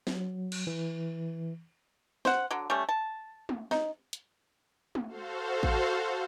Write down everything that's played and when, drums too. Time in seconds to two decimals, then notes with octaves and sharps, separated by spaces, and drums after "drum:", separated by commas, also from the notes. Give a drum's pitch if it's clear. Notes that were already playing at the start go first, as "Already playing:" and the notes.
0.07 F#3, drum: snare
0.52 drum: cymbal
0.67 E3
2.25 C5 F#5, drum: snare
2.51 D3 F#3
2.70 G3 A3 C#4
2.89 A5
3.49 drum: tom
3.71 D#4, drum: snare
4.13 drum: hi-hat
4.95 drum: tom
5.08 F#4 A4 C5 F5
5.63 drum: kick